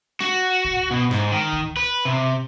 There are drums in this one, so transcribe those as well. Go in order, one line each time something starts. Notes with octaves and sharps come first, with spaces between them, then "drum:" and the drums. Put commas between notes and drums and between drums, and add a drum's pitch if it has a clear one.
F#4, drum: rim click
drum: kick
B2
G#2, drum: rim click
D#3
drum: kick
B4
C3